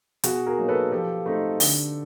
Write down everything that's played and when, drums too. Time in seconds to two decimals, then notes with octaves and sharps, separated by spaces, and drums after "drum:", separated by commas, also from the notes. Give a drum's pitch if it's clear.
0.24 B2 F#4 G#4, drum: hi-hat
0.46 G#4 A#4
0.58 F#3 A#3 D#4
0.69 A4 B4
0.92 F3 G4 A4
1.26 A3 C4 D#4
1.60 D3, drum: open hi-hat